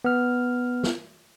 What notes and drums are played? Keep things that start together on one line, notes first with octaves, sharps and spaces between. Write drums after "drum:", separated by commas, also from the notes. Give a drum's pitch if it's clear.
B3 F6
drum: snare